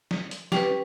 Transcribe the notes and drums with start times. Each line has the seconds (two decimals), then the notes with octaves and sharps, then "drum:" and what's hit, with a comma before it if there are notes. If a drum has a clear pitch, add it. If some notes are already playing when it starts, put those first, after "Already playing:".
0.11 drum: snare
0.31 drum: hi-hat
0.52 C#4 G4 B4, drum: snare